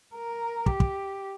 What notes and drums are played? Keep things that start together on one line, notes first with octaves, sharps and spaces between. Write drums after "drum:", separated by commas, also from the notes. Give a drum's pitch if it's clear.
A#4
G4, drum: kick
drum: kick